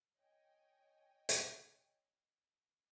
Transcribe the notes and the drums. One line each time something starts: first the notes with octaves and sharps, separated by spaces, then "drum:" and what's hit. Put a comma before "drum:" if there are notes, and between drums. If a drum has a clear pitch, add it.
C#5 D#5 G5 G#5
drum: hi-hat